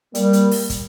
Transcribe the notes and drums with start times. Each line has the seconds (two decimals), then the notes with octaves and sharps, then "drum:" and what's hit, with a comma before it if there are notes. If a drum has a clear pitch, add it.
0.15 G3 A#3, drum: hi-hat
0.33 drum: hi-hat
0.51 drum: open hi-hat
0.70 drum: kick, hi-hat